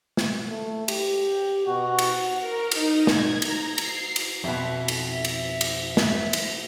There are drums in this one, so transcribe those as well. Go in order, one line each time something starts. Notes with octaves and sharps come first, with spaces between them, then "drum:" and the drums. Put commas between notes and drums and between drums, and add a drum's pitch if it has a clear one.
drum: snare
A3
G4, drum: cymbal
B2 F#4
drum: cymbal
A#4
D#4, drum: cymbal
G#6, drum: snare
A#5, drum: cymbal
C7, drum: cymbal
drum: cymbal
F2 B2 E5
drum: cymbal
drum: cymbal
drum: cymbal
drum: snare
drum: cymbal